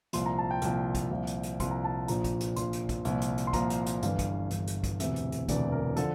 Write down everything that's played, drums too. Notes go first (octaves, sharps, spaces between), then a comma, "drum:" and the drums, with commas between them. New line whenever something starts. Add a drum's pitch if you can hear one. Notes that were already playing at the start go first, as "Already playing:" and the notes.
C2 A#2 F3 C6, drum: hi-hat
A#5
A5
G5
C2 A#2 F3, drum: hi-hat
drum: kick, hi-hat
C2 A#2 F3
drum: hi-hat
drum: hi-hat
C2 A#2 F3 C6, drum: kick, hi-hat
A#5
A5
A#1 A#2 F3 A#5, drum: hi-hat
drum: kick, hi-hat
drum: hi-hat
A#1 A#2 F3 C6, drum: hi-hat
drum: hi-hat
drum: kick, hi-hat
C2 A#2 F3, drum: hi-hat
drum: hi-hat
drum: hi-hat
C6
C2 A#2 F3 A#5, drum: kick, hi-hat
drum: hi-hat
drum: hi-hat
G1 G2 E3 F5, drum: hi-hat
drum: kick, hi-hat
G1 G2 E3, drum: hi-hat
drum: hi-hat
drum: kick, hi-hat
E1 D2 C3 E3 E5, drum: hi-hat
drum: hi-hat
drum: hi-hat
E1 D2 C3 E3 D5, drum: kick, hi-hat
A#4
D3 F3 A4, drum: hi-hat